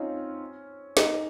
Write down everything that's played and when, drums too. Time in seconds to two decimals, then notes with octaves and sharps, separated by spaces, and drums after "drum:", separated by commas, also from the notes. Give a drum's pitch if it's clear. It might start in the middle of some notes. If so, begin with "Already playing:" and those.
Already playing: C4 C#4 D#4 F4
0.97 D#4, drum: snare